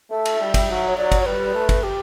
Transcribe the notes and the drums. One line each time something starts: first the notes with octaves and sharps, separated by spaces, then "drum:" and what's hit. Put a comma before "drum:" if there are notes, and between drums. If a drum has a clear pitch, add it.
A3 E5
drum: cymbal
G3
drum: kick, cymbal
F#3
C#5
F#3 D5
drum: kick, cymbal
C#5
G3 B4
A3
drum: kick, cymbal
G4